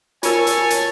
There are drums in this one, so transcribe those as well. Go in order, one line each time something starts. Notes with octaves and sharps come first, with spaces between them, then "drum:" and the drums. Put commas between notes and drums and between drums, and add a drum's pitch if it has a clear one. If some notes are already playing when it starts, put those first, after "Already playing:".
F4 A#4 C#5 G#5 A5, drum: hi-hat
drum: hi-hat
drum: hi-hat